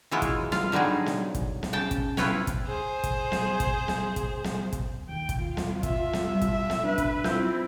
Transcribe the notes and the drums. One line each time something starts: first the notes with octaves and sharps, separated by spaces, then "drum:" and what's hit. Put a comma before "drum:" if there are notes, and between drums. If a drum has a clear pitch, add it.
E3 F#3 G#3 E4 F4
drum: kick, hi-hat
F4 F5, drum: snare
D3 F#3 G3 D#4 G#4
drum: snare
drum: kick, hi-hat
drum: snare
C#3 G5 A5
drum: kick, hi-hat
C3 E4 F4 B4 C#5 G5, drum: snare
drum: kick, hi-hat
G#4 C5
drum: kick, hi-hat
drum: snare
drum: kick, hi-hat
drum: snare
drum: kick, hi-hat
drum: snare
drum: kick, hi-hat
D#2 G5
drum: kick, hi-hat
F4
drum: snare
E5, drum: kick, hi-hat
drum: snare
G3
drum: kick, hi-hat
drum: snare
D4 B4
drum: kick, hi-hat
C4 E4 F4 E6 G6, drum: snare